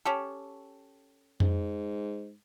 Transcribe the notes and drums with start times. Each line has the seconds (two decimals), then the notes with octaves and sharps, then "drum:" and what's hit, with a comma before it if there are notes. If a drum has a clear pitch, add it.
0.05 C#4 G4 A4
1.40 G#2, drum: tom F2